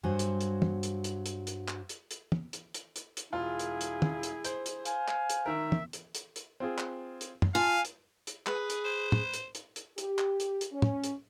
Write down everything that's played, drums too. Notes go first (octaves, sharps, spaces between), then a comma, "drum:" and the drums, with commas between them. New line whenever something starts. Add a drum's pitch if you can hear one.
G2 F#3 F#4 C5 G#5
drum: hi-hat
drum: hi-hat
drum: tom
drum: hi-hat
drum: hi-hat
drum: hi-hat
drum: hi-hat
drum: clap
drum: hi-hat
drum: hi-hat
drum: tom
drum: hi-hat
drum: hi-hat
drum: hi-hat
drum: hi-hat
E1 E4 F4 G#4
drum: hi-hat
drum: hi-hat
drum: tom
drum: hi-hat
C5, drum: hi-hat
drum: hi-hat
F5 G#5, drum: hi-hat
drum: clap
drum: hi-hat
D#3 A#4 E5
drum: tom
drum: hi-hat
drum: hi-hat
drum: hi-hat
C4 F4 G#4
drum: clap
drum: hi-hat
drum: tom
F4 F5 G#5 A5
drum: hi-hat
drum: hi-hat
G#4 B4, drum: clap
drum: hi-hat
C5
drum: tom
drum: hi-hat
drum: hi-hat
drum: hi-hat
G4, drum: hi-hat
drum: clap
drum: hi-hat
drum: hi-hat
C#4
drum: tom
drum: hi-hat